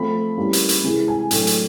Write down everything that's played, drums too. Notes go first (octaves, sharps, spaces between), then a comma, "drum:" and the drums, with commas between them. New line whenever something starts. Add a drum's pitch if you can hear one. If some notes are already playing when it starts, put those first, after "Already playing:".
Already playing: F3 A3 C4 B5
E3 G3 A#3 C#4
drum: hi-hat
drum: hi-hat
C3 E3 G#3
G#5
A2 F#3 A3 D4 G5, drum: hi-hat
drum: hi-hat